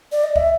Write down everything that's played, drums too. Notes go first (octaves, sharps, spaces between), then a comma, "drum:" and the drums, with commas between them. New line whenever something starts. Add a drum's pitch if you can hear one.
D5
D#5
E5, drum: kick